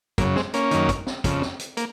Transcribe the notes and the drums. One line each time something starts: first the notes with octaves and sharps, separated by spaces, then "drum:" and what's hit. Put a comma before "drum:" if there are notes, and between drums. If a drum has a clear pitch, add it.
F#2 C#3 A#3, drum: kick, hi-hat
G#3 C4, drum: snare
A#3 C#4, drum: hi-hat
F#2 D#3, drum: hi-hat
drum: kick, hi-hat
drum: snare
F2 C#3, drum: kick, hi-hat
drum: snare
drum: hi-hat
A#3, drum: hi-hat